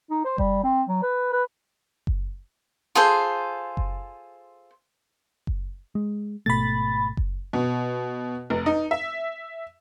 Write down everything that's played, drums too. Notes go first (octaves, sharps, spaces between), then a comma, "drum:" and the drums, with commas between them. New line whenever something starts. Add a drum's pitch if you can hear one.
D#4
C5
G3, drum: kick F#1
C4
F#3
B4
B4
drum: kick F#1
F4 G#4 A4 C5
drum: kick F#1
drum: kick F#1
G#3
G#1 B2 A3 B5 A6
drum: kick F#1
B2
F1
D#4
E5